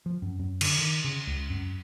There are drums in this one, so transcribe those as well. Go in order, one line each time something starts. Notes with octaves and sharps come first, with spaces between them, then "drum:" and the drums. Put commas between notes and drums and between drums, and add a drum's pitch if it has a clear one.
F3
F#2
F#2
D3, drum: cymbal
D#3
C#3
C#2
F#2